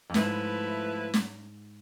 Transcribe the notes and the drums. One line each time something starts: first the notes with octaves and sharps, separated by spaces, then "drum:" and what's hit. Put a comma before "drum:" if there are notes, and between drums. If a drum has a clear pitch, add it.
F2
G#2 F3 A3 E4 B4, drum: snare
drum: snare